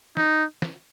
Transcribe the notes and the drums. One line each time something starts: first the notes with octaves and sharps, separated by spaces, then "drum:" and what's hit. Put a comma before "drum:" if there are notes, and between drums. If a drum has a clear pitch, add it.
D#4, drum: snare
drum: snare